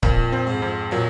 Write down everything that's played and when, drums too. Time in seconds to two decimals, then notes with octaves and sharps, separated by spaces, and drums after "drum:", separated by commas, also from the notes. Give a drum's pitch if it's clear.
0.03 F2 A#2, drum: kick C#1
0.32 C4
0.47 G#2
0.62 F2
0.91 A#2 F#3